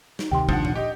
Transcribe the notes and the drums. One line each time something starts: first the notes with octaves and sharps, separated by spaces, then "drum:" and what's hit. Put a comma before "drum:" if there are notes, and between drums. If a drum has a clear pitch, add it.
D#4, drum: snare
D2 C3 D#3 G4 G5 C6
F3 D4 F#5, drum: kick
drum: tom A#2
G4 D#5